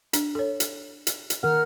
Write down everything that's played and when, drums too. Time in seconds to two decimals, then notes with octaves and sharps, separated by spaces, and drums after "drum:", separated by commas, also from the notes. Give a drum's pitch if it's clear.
0.13 D4, drum: hi-hat
0.35 A4 C#5
0.60 drum: hi-hat
1.07 drum: hi-hat
1.30 drum: hi-hat
1.43 D#3 A#4 F#5 F6